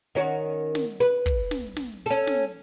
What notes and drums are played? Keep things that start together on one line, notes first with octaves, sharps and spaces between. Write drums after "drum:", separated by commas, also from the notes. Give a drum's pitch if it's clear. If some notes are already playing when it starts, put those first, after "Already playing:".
D#3 C#4 F#4
drum: snare
B4
drum: kick
drum: snare
drum: snare
C#4 A4
drum: snare